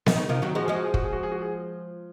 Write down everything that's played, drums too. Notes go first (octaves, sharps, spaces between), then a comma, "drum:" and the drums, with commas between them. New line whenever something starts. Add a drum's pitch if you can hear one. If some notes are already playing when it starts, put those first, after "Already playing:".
D#3, drum: snare B3
C#3 D#4
C3 D#3 F4
D#3 F#3 F#4
F3 G#3 F#4
F3 G#3 G#4
F#4
G#4
F#4, drum: kick
G#4
F#4
G#4
F#4
G#4